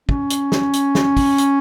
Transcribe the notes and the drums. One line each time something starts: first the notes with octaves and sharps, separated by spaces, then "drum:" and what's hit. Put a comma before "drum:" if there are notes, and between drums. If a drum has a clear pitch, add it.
C#4, drum: kick
drum: hi-hat
drum: snare
drum: hi-hat
drum: snare
drum: kick, open hi-hat
drum: hi-hat